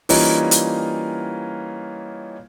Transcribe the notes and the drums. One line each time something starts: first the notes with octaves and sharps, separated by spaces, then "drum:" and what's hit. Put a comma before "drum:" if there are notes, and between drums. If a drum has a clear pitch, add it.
E3 G3 A#3 C#4 D#4 F4, drum: open hi-hat
drum: hi-hat